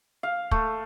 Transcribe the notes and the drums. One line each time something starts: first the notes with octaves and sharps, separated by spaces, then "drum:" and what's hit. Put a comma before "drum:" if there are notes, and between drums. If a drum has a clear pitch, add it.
F5
A3, drum: kick